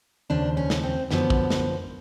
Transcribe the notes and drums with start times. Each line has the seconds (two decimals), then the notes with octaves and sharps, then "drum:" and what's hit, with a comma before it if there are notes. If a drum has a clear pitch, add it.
0.30 D#2 C#3 F3 D4
0.57 C#4
0.70 drum: snare
0.83 C4
1.11 F#2 D3 F3 B3, drum: snare
1.30 drum: kick
1.50 drum: snare